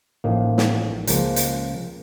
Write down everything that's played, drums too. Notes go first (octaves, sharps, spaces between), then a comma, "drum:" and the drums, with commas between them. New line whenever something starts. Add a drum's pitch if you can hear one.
A1 A2 F3 A#3 D#4
drum: snare
C#2 C#3 F3 A#3, drum: hi-hat
drum: hi-hat